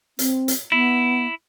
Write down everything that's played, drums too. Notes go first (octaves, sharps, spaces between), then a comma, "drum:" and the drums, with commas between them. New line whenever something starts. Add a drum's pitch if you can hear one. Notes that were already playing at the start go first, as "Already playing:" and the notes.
C4, drum: hi-hat
drum: hi-hat
B3 E4